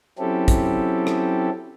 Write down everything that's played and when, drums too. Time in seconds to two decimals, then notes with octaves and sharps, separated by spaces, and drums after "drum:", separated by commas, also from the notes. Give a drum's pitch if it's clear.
0.19 F#3 C4 C#4 E4 G4 A4
0.48 drum: kick, hi-hat
1.07 drum: rim click